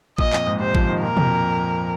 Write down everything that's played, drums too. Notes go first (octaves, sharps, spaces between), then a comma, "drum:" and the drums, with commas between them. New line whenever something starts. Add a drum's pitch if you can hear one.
A#2 D#5, drum: kick A1
F2, drum: clap
G#2
C3 C5
F3, drum: kick A1
D#3
A#2 A#4
F2, drum: tom B2